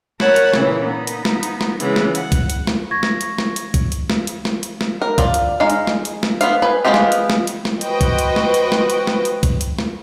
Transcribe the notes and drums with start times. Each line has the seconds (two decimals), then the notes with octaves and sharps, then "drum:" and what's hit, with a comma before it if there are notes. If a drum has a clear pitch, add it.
0.20 A#4 C#5 F#5 A5 B5, drum: snare
0.36 drum: hi-hat
0.54 A#2 C#3 E3, drum: snare
0.83 B3 D#4
1.07 drum: hi-hat
1.25 drum: snare
1.43 drum: hi-hat
1.61 drum: snare
1.80 C#3 E3 G#3 B3, drum: hi-hat
1.96 drum: snare
2.15 F#5, drum: hi-hat
2.32 drum: kick, hi-hat
2.50 drum: hi-hat
2.67 drum: snare
2.91 C#6 G#6 A#6
3.03 drum: snare
3.21 drum: hi-hat
3.38 drum: snare
3.56 drum: hi-hat
3.74 drum: kick, hi-hat
3.92 drum: hi-hat
4.10 drum: snare
4.27 drum: hi-hat
4.45 drum: snare
4.63 drum: hi-hat
4.81 drum: snare
5.02 A#4
5.18 F4 D5, drum: kick, hi-hat
5.34 drum: hi-hat
5.60 G#3 D#4 F5
5.70 drum: hi-hat
5.87 drum: snare
6.05 drum: hi-hat
6.23 drum: snare
6.41 B3 F4 F5, drum: hi-hat
6.62 B4 G#5
6.85 G#3 B3 D#4 F4 G4
6.94 drum: snare
7.12 drum: hi-hat
7.30 drum: snare
7.47 drum: hi-hat
7.65 drum: snare
7.81 F#4 B4 C5 D#5 G5, drum: hi-hat
8.01 drum: kick, hi-hat
8.18 drum: hi-hat
8.36 drum: snare
8.54 drum: hi-hat
8.72 drum: snare
8.90 drum: hi-hat
9.07 drum: snare
9.25 drum: hi-hat
9.43 drum: kick, hi-hat
9.61 drum: hi-hat
9.79 drum: snare